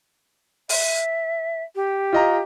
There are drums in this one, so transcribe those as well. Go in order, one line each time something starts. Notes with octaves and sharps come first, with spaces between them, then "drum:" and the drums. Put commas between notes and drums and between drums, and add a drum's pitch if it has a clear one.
E5, drum: open hi-hat
G4
F4 D#5 A#5